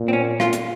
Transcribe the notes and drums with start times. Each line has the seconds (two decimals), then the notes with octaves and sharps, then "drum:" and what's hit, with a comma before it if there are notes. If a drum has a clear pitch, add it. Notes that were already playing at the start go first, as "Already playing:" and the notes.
Already playing: A#2
0.08 C4
0.13 C#4
0.40 F4, drum: rim click
0.53 drum: hi-hat